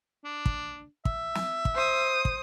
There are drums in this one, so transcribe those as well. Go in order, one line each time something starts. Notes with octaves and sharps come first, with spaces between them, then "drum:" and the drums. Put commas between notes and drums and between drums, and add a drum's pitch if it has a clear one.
D4
drum: kick
E5, drum: kick
drum: snare
drum: kick
C5 D#6
drum: kick